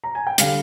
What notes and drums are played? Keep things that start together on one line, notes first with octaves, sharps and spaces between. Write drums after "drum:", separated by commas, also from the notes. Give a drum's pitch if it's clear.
A#5
G#5
G5
D3 G3 F5, drum: hi-hat